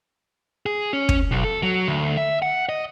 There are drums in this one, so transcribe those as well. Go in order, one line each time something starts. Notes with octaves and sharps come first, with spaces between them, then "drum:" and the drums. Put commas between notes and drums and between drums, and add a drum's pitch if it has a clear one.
G#4
C#4
drum: kick
B1
A4
F#3
D2
E5
F#5
D#5